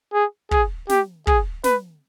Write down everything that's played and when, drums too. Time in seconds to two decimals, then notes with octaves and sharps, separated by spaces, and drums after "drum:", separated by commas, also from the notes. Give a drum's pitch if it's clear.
0.13 G#4
0.51 G#4, drum: kick
0.89 G4, drum: snare
1.27 G#4, drum: kick
1.64 B4, drum: snare